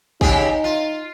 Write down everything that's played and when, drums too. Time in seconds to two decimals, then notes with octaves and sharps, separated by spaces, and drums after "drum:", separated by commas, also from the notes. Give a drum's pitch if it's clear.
0.21 C#3 D#4 G4 G#4, drum: kick
0.64 F4